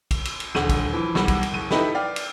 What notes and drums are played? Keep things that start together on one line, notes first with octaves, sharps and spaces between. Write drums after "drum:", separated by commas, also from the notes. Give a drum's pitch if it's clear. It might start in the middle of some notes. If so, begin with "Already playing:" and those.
drum: kick, cymbal
drum: cymbal
drum: cymbal
D#1 D2 D#7 F#7, drum: snare
drum: kick, cymbal
E3 F3
B1 G3 F#5, drum: snare
drum: kick, cymbal
drum: cymbal
F#1 D#7
D#4 E4 G4 A4 B4, drum: snare
D5 F5 G5
drum: cymbal